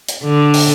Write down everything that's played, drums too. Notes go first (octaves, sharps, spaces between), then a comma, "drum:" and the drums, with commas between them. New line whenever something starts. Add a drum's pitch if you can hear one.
drum: hi-hat
D3
drum: open hi-hat